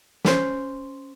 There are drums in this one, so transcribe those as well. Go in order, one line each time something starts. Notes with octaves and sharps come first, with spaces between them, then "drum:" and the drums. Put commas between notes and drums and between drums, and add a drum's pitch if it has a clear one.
C#4 C5, drum: snare